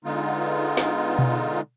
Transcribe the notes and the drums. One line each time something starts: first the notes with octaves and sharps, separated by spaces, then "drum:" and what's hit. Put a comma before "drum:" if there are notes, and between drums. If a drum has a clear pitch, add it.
D3 G#3 B3 D#4 F4
drum: snare
drum: tom B2